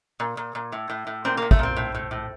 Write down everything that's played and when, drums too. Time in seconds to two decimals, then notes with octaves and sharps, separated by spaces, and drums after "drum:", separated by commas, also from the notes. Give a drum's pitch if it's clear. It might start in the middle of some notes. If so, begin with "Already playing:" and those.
0.20 A#2
0.37 A#2
0.55 A#2
0.72 A2
0.90 A2
1.07 A2
1.25 A#2 C4
1.37 A#3
1.42 A#2
1.51 A3, drum: kick
1.59 A#2 C4
1.77 A2
1.95 A2
2.11 A2